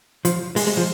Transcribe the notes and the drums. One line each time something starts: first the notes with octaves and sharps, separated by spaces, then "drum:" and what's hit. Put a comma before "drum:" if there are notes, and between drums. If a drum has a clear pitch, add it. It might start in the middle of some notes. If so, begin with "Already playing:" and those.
F3, drum: hi-hat
G#3, drum: open hi-hat
G#3
F3